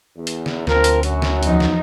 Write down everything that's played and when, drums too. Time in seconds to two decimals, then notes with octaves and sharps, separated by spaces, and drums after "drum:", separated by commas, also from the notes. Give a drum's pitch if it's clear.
0.16 E2
0.27 drum: hi-hat
0.46 drum: snare
0.67 D2 F3 C4 A#4, drum: snare
0.84 drum: hi-hat
1.03 F#2 F#3, drum: hi-hat
1.22 drum: snare
1.43 E2 F3 D#4, drum: hi-hat
1.60 drum: snare